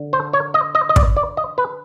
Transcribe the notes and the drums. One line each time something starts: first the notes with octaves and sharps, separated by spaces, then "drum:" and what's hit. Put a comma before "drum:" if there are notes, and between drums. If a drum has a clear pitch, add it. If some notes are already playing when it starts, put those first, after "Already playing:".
Already playing: D3
C5
C#5
D#5
D#5
D#5
D5, drum: kick
D5
D#5
B4